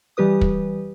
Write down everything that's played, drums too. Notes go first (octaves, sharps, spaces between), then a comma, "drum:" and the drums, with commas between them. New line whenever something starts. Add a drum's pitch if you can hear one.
E3 G3 G4 B4 D#6
drum: kick